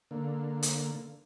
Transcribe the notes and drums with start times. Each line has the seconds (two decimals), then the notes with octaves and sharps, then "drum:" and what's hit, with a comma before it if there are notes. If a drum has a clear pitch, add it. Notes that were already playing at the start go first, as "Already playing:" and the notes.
0.11 D3 A#3
0.63 drum: hi-hat